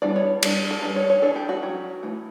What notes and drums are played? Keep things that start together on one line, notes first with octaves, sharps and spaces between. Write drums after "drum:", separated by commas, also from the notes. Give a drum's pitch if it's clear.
E3 G3 B3 D4 D5
C#5
G3 D4, drum: cymbal
A4
G3 D4 B4
C#5
C#5
E3 A3 D4 A4
G4
F#4
F#3 C#4
E3 A3